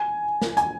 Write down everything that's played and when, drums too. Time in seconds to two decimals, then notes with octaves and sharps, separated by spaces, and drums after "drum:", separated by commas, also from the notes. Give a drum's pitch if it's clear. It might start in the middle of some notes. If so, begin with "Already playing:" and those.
Already playing: G#5
0.42 drum: snare
0.57 G#5, drum: hi-hat